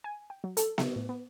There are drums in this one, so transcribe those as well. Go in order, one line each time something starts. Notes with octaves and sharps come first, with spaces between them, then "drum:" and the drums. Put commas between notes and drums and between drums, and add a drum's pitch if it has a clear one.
G#5
G5
F#3
A4, drum: hi-hat
E5, drum: snare B3
A2
B3